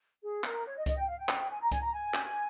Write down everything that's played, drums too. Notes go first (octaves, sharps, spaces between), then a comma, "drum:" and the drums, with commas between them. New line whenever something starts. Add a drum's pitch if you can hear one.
G#4
A#4, drum: clap
C#5
D#5
D#5, drum: kick C2, hi-hat
G5
F5
G5
drum: clap
G#5
A#5
G#5, drum: kick C2, hi-hat
A#5
G#5
drum: clap